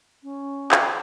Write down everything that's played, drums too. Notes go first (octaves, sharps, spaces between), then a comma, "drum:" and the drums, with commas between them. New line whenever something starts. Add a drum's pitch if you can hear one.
C#4
drum: clap